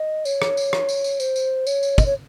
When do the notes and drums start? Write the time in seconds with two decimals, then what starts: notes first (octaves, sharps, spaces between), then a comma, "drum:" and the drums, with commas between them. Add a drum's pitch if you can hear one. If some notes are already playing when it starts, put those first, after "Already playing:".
Already playing: D#5
0.25 C#5, drum: tambourine
0.42 drum: rim click
0.57 drum: tambourine
0.73 drum: rim click
0.89 drum: tambourine
1.04 drum: tambourine
1.20 C5, drum: tambourine
1.36 drum: tambourine
1.67 C#5, drum: tambourine
1.83 drum: tambourine
1.98 D#5, drum: kick, tambourine
2.06 C#5